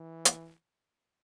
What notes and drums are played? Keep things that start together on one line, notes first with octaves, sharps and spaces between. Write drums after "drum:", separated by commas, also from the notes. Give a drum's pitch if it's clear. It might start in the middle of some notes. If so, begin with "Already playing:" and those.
Already playing: E3
drum: hi-hat